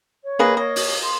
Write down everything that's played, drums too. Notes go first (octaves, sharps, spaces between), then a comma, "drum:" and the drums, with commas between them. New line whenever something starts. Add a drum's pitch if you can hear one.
C#5
A#3 G#4 B4 D#5
C#5 D#5
drum: open hi-hat
C6